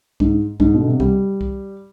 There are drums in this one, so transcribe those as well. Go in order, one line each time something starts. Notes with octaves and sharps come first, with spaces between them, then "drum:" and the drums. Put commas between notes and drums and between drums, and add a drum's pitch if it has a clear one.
G#2, drum: kick
G#2, drum: kick
B2
D3
C3
G3, drum: kick
drum: kick